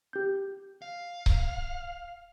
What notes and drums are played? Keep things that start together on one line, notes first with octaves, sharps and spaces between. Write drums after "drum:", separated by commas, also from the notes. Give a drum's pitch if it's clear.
G4 G6
F5
drum: kick C#1